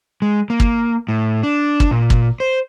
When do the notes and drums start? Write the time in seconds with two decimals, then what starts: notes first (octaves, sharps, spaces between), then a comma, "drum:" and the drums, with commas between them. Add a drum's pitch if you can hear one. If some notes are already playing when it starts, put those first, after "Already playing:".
0.22 G#3
0.50 A#3
0.60 drum: kick
1.08 A2
1.43 D4
1.80 drum: kick
1.91 A#2
2.10 drum: kick
2.40 C5